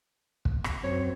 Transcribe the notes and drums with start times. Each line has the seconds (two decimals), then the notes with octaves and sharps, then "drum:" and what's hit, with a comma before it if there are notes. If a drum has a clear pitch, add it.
0.45 drum: kick
0.64 drum: rim click
0.83 F#2 C4 C#5